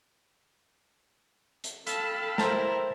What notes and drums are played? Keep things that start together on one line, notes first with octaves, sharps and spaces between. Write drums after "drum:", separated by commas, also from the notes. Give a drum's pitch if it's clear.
drum: hi-hat
A4 F5 G5 A5 B5 E6, drum: hi-hat
E4 A#4 C5 A5 A#5, drum: snare